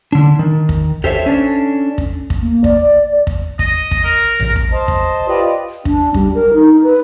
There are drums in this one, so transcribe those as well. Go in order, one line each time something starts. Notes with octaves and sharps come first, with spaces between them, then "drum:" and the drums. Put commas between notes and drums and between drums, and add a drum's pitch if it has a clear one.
D3 D4
D#3
drum: kick
G4 A4 C5 C#5 E5, drum: kick
C#4 D4 A4
drum: kick
drum: kick
A#3
D5, drum: kick
drum: kick
D#5, drum: kick
drum: kick
A#4
drum: tom A#1
drum: kick
C5 D#5 A5
drum: kick
F4 G4 B4 D5 D#5
D4, drum: kick
G3, drum: kick
A#4
D#4
B4